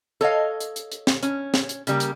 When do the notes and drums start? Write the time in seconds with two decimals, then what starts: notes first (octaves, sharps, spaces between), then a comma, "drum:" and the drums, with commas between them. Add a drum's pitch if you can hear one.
0.21 A4 C#5 D#5 F5
0.60 drum: hi-hat
0.76 drum: hi-hat
0.92 drum: hi-hat
1.07 drum: snare
1.23 C#4, drum: hi-hat
1.54 drum: snare
1.69 drum: hi-hat
1.87 C#3 G3 A#3, drum: hi-hat
2.00 drum: hi-hat